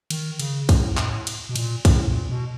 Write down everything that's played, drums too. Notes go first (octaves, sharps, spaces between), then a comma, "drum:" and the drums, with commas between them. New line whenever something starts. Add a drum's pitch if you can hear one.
D#3, drum: cymbal
C#3, drum: cymbal
A2, drum: kick, cymbal
A2, drum: clap
drum: cymbal
B2
A#2, drum: cymbal
A2, drum: kick, cymbal
A#2
B2